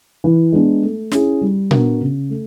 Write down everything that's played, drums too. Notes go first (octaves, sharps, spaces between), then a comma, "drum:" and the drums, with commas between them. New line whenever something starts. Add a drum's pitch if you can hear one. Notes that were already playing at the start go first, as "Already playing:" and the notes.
E3
G#3 B3 D4
A3
C#4 E4 G#4, drum: snare
G3
B3 D4 F#4 A#4, drum: tom A#2
C#3
A3